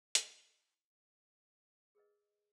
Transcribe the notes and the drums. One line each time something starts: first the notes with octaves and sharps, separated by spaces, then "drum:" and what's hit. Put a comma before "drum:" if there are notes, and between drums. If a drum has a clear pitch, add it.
E4, drum: hi-hat
G#4 A#4 B4 D#5